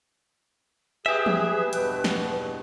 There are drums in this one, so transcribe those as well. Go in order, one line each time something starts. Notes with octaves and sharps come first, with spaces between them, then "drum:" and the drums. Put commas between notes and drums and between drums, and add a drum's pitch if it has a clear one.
G4 G#4 B4 E5
drum: tom E3
E2 G2 B2, drum: hi-hat
drum: snare